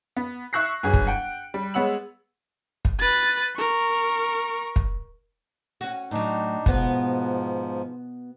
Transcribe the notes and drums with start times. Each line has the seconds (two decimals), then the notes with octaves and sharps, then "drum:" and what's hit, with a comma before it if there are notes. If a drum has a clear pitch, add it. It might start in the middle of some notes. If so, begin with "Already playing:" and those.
0.17 B3
0.53 E5 C#6 E6 F#6 A#6 C7
0.83 G1 F#3 G#4
0.94 drum: kick
1.07 F#5 G5
1.54 G3
1.74 G#3 B3 C#5 F#5 E6 F#7
2.85 drum: kick
2.99 B4 A6
3.56 A#4 C#6
4.76 drum: kick
5.81 C#4 F#4
6.11 A2 F#3 D4 D#4
6.66 G#2 B2 F3 B3, drum: kick